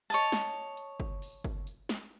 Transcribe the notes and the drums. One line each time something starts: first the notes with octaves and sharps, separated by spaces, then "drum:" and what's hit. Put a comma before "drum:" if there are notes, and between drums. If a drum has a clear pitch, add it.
C#5 D#5 A5
drum: snare
drum: hi-hat
drum: kick G1
drum: open hi-hat
drum: kick G1
drum: hi-hat
drum: snare